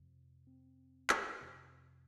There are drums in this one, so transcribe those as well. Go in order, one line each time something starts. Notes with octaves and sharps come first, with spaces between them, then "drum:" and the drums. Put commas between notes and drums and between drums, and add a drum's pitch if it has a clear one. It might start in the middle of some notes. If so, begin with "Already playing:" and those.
Already playing: F2 C3
C4
drum: clap
F2 C3